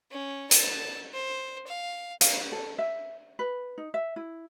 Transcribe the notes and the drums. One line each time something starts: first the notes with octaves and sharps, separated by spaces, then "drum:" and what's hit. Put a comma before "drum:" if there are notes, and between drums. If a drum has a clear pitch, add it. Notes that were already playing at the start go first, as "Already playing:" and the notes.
C#4
A5, drum: hi-hat
C5
F5
F5, drum: hi-hat
A4
E5
B4
D#4
E5
E4